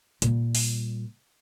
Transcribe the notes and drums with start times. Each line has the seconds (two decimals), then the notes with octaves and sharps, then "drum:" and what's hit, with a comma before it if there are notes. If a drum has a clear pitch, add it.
0.22 A#2 G3, drum: hi-hat
0.55 drum: open hi-hat